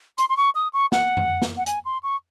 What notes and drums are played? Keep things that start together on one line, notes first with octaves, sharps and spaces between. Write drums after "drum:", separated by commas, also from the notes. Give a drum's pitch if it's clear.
C6, drum: hi-hat
C6
C#6
D#6
C#6
F#5, drum: snare
drum: tom F2
drum: snare
F#5
G#5, drum: hi-hat
C6
C#6